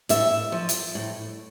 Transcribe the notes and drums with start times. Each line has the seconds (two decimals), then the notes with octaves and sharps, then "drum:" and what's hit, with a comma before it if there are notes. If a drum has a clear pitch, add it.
0.09 A2 E5, drum: hi-hat
0.52 F3
0.69 drum: hi-hat
0.95 A2